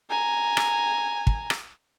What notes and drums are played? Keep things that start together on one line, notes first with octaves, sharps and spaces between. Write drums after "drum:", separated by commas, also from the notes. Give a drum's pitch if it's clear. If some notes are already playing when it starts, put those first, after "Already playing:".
G#5 A#5
drum: rim click
drum: kick
drum: rim click